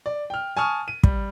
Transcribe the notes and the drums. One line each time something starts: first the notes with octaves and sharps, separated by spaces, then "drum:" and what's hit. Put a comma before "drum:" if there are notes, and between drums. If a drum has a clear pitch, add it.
D5
G5 F6
G#5 A5 C#6 D#6 F6
D#7
G3, drum: kick